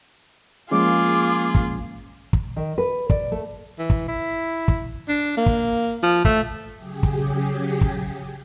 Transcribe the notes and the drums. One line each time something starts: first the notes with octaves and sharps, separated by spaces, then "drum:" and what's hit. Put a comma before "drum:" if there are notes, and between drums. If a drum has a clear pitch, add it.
F3 G#3 A#3 C#4 F4 G#4 D6
drum: kick
drum: kick
D#3
B4
D5, drum: kick
A3
E3
drum: kick
E4
drum: kick
D4
A#3
drum: kick
F3
A3, drum: kick
C#3 F#3 G4 G#4
drum: kick
drum: kick